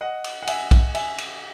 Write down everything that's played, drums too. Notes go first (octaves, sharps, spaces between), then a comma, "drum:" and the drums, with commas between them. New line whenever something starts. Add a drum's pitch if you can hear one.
D#5 F#5
drum: cymbal
F#5
E5 G#5, drum: cymbal
drum: kick, cymbal
E5 G#5, drum: cymbal
drum: cymbal